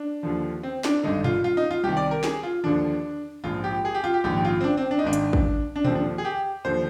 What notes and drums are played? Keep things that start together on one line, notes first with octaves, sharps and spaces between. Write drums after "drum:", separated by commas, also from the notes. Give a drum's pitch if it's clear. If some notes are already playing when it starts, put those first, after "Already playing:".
Already playing: D4
D#2 D3 F3
C4
D4, drum: snare
G#1 G2 D3 D#4
F4, drum: tom A#2
F4
D#4
F4
C2 C3 D#3 G4
D5
A#4
G#4, drum: snare
F4
D#2 D3 F3 D4
A#1 G#2 F3 F4
G4
G#4
G4
F4
G4
A#1 G#2 D#3 G4
F4
C4
D4
C4
D4
D#4
G#1 G#2 D#3 D4
drum: hi-hat
drum: kick
D4
D#2 D3 F3 C4, drum: tom A#2
D4
G#4
G4
D#2 D3 F3 C5